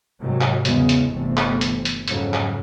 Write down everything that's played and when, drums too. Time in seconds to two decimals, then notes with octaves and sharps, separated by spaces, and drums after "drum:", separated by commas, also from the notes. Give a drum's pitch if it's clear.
0.21 G#2 C3 D#3 F#3
0.41 drum: clap
0.65 E2 C#3 E3 G#3, drum: hi-hat
0.89 drum: hi-hat
1.10 G1 C3 E3 A3 C4
1.37 drum: clap
1.61 drum: hi-hat
1.85 drum: hi-hat
2.08 F2 G#2 C#3 F#3, drum: hi-hat
2.34 drum: clap